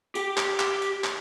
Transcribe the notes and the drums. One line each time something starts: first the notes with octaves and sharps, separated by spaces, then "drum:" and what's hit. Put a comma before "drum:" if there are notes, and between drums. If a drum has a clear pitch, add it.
G4 G5, drum: tambourine
drum: clap
drum: clap
drum: tambourine
drum: clap